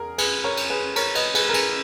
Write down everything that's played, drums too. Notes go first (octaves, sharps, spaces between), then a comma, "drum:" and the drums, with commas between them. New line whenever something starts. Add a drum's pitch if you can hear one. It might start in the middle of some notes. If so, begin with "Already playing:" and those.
Already playing: E2 G#4 A#4
G#4 B4, drum: cymbal
A#4 C#5
drum: cymbal
G#4 B4
A#4 C#5, drum: cymbal
B4 D#5, drum: cymbal
G#4 B4, drum: cymbal
A#4
G#4 B4, drum: cymbal